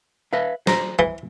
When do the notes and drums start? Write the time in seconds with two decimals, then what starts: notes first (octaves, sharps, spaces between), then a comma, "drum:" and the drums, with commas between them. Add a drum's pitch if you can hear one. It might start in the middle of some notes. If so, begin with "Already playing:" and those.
0.33 B4 E5 F5
0.67 C5 A#5, drum: snare
0.99 E3